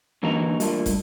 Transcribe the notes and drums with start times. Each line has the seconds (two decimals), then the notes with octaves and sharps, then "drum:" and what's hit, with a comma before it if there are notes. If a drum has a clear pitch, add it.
0.23 D3 E3 A#3 D#4 F#4 A#5
0.60 G3 A3 A#3 D4 F4, drum: hi-hat
0.86 drum: kick, hi-hat